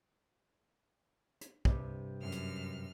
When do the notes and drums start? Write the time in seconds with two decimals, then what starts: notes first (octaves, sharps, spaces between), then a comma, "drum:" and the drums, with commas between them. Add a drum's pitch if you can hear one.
1.41 drum: hi-hat
1.65 G2 C3 G3, drum: kick
2.22 F#2 F6
2.32 drum: hi-hat